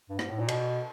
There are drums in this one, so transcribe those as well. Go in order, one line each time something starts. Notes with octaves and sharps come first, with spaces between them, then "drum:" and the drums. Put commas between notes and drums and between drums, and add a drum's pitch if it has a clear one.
G2
G#2, drum: rim click
A2
A#2
B2, drum: cymbal